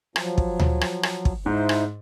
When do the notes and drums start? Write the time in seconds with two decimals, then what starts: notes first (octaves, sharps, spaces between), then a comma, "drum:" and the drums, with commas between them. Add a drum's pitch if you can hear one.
0.16 F3 F#3, drum: rim click
0.38 drum: kick
0.59 drum: tom D2
0.81 drum: rim click
1.03 drum: rim click
1.25 drum: kick
1.46 G#2 D#4 E4 C5
1.69 drum: rim click